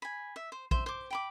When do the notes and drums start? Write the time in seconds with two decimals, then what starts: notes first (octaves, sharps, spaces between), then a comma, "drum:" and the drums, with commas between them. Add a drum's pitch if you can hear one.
0.02 G#5 B5
0.36 E5
0.52 C5
0.71 C5 E5, drum: kick A#1
0.86 C5 D6
1.11 G5 B5 D6